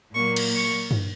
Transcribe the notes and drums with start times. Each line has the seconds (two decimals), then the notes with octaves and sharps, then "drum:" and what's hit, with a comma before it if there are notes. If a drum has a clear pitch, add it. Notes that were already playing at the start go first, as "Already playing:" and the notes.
0.14 A#2 F#3 A#3 C#6
0.36 drum: cymbal
0.55 C#6
0.91 drum: tom G2